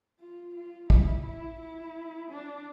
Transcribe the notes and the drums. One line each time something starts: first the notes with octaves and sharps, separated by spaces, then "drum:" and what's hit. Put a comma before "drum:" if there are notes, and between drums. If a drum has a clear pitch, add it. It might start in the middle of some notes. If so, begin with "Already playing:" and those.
F4
F4
E4, drum: kick
E4
E4
D4